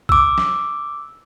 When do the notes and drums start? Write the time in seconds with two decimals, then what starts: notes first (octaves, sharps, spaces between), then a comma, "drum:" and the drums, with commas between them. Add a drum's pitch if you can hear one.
0.09 D6 E6, drum: kick B1
0.38 drum: snare